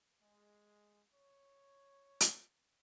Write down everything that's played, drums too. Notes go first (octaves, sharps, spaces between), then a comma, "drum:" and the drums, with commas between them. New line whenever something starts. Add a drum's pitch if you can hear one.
G#3
C#5
drum: hi-hat